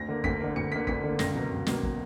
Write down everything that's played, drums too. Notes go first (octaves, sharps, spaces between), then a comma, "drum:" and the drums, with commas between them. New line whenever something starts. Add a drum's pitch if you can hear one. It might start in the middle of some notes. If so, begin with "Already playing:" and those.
Already playing: D2 A#6
D3 A#3
D2 B6, drum: kick
D3 A#3
D2 C#7
D3 A#3 B6
D2 B6, drum: kick
D3 A#3
C#2 A#6, drum: snare
B2 F#3 A#3
C#2
B2 F#3 A#3, drum: snare
drum: kick